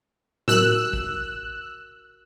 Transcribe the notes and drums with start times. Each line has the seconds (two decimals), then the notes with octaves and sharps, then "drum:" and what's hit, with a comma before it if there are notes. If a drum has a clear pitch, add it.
0.48 F#4 A#4 E6 F#6, drum: tom A2
0.93 drum: kick